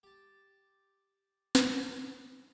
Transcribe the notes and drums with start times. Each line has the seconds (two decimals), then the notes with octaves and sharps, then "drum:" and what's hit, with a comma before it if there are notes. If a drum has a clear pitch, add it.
0.03 G4 A5
1.55 E3 F4 G#4, drum: snare